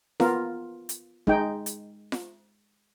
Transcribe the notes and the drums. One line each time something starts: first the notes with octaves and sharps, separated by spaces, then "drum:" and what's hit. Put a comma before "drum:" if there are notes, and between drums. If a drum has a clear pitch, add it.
B3 F4 A#4, drum: snare F4
drum: hi-hat
G#3 D#4 G5, drum: kick
drum: hi-hat
drum: snare F4